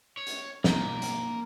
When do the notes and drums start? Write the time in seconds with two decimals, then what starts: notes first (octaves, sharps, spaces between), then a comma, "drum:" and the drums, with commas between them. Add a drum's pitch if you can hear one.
0.17 C#5
0.27 drum: hi-hat
0.64 A#3, drum: snare
1.02 drum: hi-hat